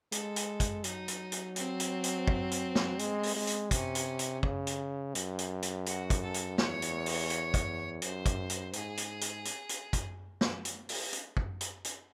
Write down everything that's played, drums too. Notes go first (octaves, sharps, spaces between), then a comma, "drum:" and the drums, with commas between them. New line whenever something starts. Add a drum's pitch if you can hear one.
G#3 A4, drum: hi-hat
drum: hi-hat
drum: kick, hi-hat
F#3 D#4, drum: hi-hat
drum: hi-hat
drum: hi-hat
C4, drum: hi-hat
drum: hi-hat
drum: hi-hat
drum: kick
drum: hi-hat
drum: snare
G#3, drum: hi-hat
drum: open hi-hat
G#3
drum: hi-hat
C3 C#4, drum: kick, hi-hat
drum: hi-hat
drum: hi-hat
C#3, drum: kick
drum: hi-hat
F#2, drum: hi-hat
drum: hi-hat
drum: hi-hat
F#4, drum: hi-hat
drum: kick, hi-hat
A4
drum: hi-hat
E2 C#5, drum: snare
drum: hi-hat
drum: open hi-hat
drum: hi-hat
drum: kick, hi-hat
F#2 C5, drum: hi-hat
drum: kick, hi-hat
drum: hi-hat
G#2 G#4, drum: hi-hat
drum: hi-hat
drum: hi-hat
drum: hi-hat
drum: hi-hat
drum: kick, hi-hat
drum: snare
drum: hi-hat
drum: open hi-hat
drum: hi-hat
drum: kick
drum: hi-hat
drum: hi-hat